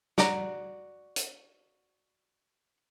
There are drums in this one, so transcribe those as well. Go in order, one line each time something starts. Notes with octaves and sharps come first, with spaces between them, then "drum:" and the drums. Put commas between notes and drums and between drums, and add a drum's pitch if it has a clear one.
F#4 D5 A#5, drum: snare
drum: hi-hat